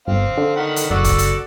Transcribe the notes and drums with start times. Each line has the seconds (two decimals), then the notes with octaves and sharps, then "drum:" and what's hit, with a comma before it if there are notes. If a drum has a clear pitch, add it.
0.07 G1 C4 F5
0.37 D3
0.56 D#3 F#5 B5
0.76 drum: hi-hat
0.90 F#1 F#4 A4 D5
1.04 drum: kick, hi-hat
1.18 drum: hi-hat